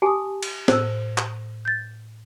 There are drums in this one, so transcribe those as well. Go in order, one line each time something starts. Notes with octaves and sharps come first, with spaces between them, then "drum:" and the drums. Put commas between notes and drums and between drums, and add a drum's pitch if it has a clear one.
G4 G#5 A5 D6 D#6
drum: cymbal
A2 C5 E6, drum: snare
drum: clap
G6 A6